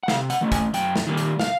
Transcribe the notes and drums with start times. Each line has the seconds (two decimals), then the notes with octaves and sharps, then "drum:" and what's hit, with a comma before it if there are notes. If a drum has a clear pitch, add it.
0.03 F#5
0.08 C3 F5, drum: snare
0.30 F#5, drum: hi-hat
0.41 E3 A3
0.52 G#5, drum: kick, hi-hat
0.74 F#2 G5, drum: hi-hat
0.96 drum: snare
1.07 D#3 G3 A#3
1.17 drum: hi-hat
1.40 F5, drum: snare